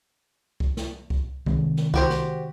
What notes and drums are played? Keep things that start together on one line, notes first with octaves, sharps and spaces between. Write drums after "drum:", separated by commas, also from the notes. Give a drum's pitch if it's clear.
drum: kick C2
drum: snare
drum: kick C2
C3 D#3 G#3, drum: kick C2
drum: snare
F#4 G4 C5, drum: kick C2
drum: snare